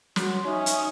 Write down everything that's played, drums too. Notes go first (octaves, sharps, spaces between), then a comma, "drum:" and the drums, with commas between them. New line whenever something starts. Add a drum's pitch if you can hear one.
F#4 C#5 C6, drum: snare
C#4 D#4 E5 D#6
drum: hi-hat